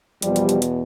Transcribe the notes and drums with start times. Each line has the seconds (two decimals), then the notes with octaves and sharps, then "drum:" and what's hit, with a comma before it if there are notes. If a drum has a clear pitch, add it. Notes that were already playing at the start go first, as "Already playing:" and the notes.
0.22 E2 B2 F3 G3, drum: hi-hat
0.36 drum: hi-hat
0.49 drum: hi-hat
0.62 drum: hi-hat